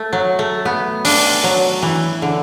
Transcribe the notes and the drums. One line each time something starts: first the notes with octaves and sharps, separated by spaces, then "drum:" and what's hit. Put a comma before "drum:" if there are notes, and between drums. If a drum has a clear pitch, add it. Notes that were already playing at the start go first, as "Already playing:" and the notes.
Already playing: A3
F#3
A3
B3
D4, drum: open hi-hat
F#3
E3
D3